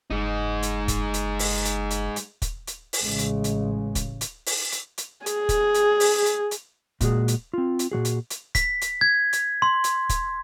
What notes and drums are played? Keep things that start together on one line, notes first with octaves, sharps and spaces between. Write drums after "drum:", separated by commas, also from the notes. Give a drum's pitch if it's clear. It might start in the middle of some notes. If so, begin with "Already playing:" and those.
F#1 G#3 D#4
drum: hi-hat
drum: kick, hi-hat
drum: hi-hat
drum: open hi-hat
drum: hi-hat
drum: hi-hat
drum: hi-hat
drum: kick, hi-hat
drum: hi-hat
drum: open hi-hat
A1 C#3 G#3
drum: hi-hat
drum: hi-hat
drum: kick, hi-hat
drum: hi-hat
drum: open hi-hat
drum: hi-hat
drum: hi-hat
G#4, drum: hi-hat
drum: kick, hi-hat
drum: hi-hat
drum: open hi-hat
drum: hi-hat
drum: hi-hat
A#2 G#3 F#4 G#4, drum: kick, hi-hat
drum: hi-hat
C4 F4
drum: hi-hat
A#2 F3 F#4 G#4
drum: hi-hat
drum: hi-hat
B6, drum: kick, hi-hat
drum: hi-hat
G#6
drum: hi-hat
C6
drum: hi-hat
drum: kick, hi-hat